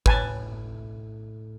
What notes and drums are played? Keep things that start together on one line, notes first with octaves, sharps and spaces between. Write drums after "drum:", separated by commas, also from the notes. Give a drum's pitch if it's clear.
A2 B4 G#5 A5, drum: kick